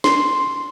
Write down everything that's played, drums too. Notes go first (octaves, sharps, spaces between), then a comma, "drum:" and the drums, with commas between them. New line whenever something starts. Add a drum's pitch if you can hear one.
C6, drum: snare